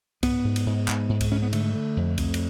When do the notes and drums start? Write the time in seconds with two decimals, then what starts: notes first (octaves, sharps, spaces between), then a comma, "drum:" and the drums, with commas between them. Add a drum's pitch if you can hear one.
0.23 G#2 B3, drum: kick C2, cymbal
0.44 G#2
0.56 drum: cymbal
0.66 G#2
0.88 G#2, drum: clap
1.09 G#2
1.21 drum: kick C2, cymbal
1.31 G#2 C#4
1.42 B3
1.53 D3 A3, drum: cymbal
1.75 D3
1.97 F2
2.18 F2, drum: kick C2, cymbal
2.34 drum: cymbal